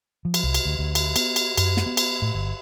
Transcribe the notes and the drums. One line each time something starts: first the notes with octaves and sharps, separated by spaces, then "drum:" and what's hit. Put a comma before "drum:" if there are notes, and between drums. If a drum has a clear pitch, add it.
F3
drum: cymbal
C2
drum: cymbal
D2
D2
drum: cymbal
B3, drum: cymbal
drum: cymbal
F#2, drum: cymbal
drum: snare
B3
drum: cymbal
A2
G1